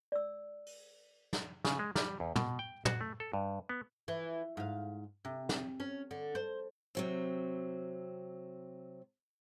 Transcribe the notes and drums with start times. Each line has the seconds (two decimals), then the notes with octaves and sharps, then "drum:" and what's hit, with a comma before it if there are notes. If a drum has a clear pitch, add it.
0.12 D5 E6
0.66 drum: open hi-hat
1.33 drum: snare
1.65 C#3, drum: snare
1.79 G#3
1.96 G3, drum: snare
2.20 E2
2.36 B2, drum: tom
2.59 G5
2.85 F#4, drum: tom
3.01 A3
3.20 A4
3.33 G2
3.69 B3
4.08 E3
4.57 G#2 F5
5.25 C3
5.49 drum: snare
5.80 C#4
6.11 D3
6.35 C5
6.95 C3 F#3 C4